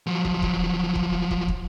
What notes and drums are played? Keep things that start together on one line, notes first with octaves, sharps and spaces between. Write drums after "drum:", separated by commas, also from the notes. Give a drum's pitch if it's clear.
F3 F#3
drum: kick
drum: kick
drum: kick
drum: kick
drum: kick